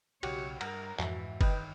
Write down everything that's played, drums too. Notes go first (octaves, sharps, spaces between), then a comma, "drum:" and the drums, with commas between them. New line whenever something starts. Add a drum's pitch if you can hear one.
B1 C#3 F#4 G4 C#5, drum: cymbal
G2 A#4 F#5 A#5, drum: cymbal
F2 G#2 E3 F#4 E5, drum: clap
G1 D3 D#3 B4 D#5 G5, drum: kick F#1, cymbal